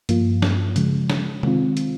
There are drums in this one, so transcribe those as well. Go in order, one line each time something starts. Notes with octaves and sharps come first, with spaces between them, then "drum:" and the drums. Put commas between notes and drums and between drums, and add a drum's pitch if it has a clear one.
G2 F3 A#3 F4, drum: hi-hat
drum: snare
C#3 F3 G#3, drum: hi-hat
drum: snare
D#3 G#3 C4 F4, drum: tom C3
drum: hi-hat